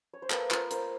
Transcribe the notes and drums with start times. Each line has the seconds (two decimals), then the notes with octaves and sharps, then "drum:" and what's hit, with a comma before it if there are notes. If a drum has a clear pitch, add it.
0.13 C#5
0.22 C5
0.30 A#3 A4 B4, drum: clap
0.51 F4 A#4 C5, drum: clap
0.71 A#3 A#4 C5, drum: hi-hat